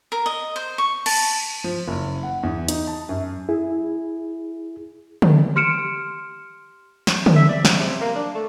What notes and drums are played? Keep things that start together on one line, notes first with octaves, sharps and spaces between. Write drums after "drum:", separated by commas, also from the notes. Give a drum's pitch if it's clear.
A#4
D#5
C5
C#6
A5, drum: cymbal
F3
F#1
F#5
E2
D#4, drum: hi-hat
A5
F#2
E4 G#4
drum: tom D3
G4 C6 F6 C#7 D7 E7
drum: snare
drum: tom D3
E5
D5
C#3, drum: snare
C3
A#3
D4
A3